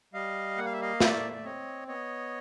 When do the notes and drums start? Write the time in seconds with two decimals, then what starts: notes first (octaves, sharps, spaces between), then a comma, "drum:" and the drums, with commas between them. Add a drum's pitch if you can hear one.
0.13 G3 D#5 F5
0.57 A#3 F#5
0.65 F5
0.73 E5
0.82 D#5 F5
1.00 A3 D5 E5, drum: snare
1.33 D5
1.44 C4 C#5 D#5
1.88 B3 C#5 D#5